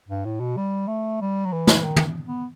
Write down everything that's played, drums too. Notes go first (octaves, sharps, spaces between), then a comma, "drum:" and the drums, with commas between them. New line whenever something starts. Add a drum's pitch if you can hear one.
G2
A2
B2
G3
A3
G3
F#3
E3
drum: snare
D#3
drum: tom
B3